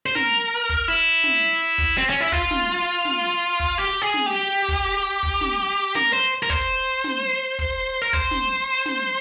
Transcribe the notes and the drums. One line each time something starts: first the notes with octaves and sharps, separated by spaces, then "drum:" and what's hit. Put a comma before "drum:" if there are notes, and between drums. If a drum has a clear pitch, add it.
C5
A#4, drum: snare
drum: kick
E4
drum: snare
drum: kick
C4
C#4
E4
F4, drum: kick
drum: snare
drum: snare
drum: kick
G4
G#4
drum: snare
G4
drum: kick
drum: kick
drum: snare
A#4, drum: snare
C5
A#4
C5, drum: kick
drum: snare
drum: kick
A#4
C5, drum: kick
drum: snare
drum: snare